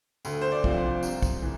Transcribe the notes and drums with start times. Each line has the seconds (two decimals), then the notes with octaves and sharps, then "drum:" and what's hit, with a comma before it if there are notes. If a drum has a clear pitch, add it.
0.25 D2, drum: tambourine
0.41 C5
0.52 D5
0.64 C3 F3, drum: kick
0.77 C5
1.03 C2, drum: tambourine
1.22 drum: kick, tambourine
1.42 E3